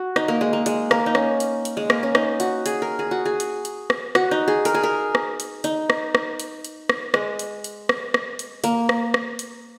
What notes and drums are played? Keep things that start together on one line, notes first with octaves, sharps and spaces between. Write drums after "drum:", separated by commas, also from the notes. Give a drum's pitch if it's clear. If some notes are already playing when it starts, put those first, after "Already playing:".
Already playing: F#4
D#4, drum: rim click
A#3
G#3
A#3
G#3, drum: hi-hat
A#3, drum: rim click
D#4
C#4, drum: rim click
drum: hi-hat
drum: hi-hat
G#3
A#3, drum: rim click
C#4
D#4, drum: rim click
F#4, drum: hi-hat
G#4, drum: hi-hat
A#4
G#4
F#4
G#4
drum: hi-hat
drum: hi-hat
drum: rim click
F#4, drum: rim click
D#4
G#4
A#4, drum: hi-hat
G#4
A#4
drum: rim click
drum: hi-hat
D#4, drum: hi-hat
drum: rim click
drum: rim click
drum: hi-hat
drum: hi-hat
drum: rim click
G#3, drum: rim click
drum: hi-hat
drum: hi-hat
drum: rim click
drum: rim click
drum: hi-hat
A#3, drum: hi-hat
drum: rim click
drum: rim click
drum: hi-hat